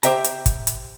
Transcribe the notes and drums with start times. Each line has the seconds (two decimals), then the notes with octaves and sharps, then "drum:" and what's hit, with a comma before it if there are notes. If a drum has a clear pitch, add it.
0.03 G4 C5 E5 G5 A#5, drum: hi-hat
0.24 drum: hi-hat
0.46 drum: kick, hi-hat
0.67 drum: hi-hat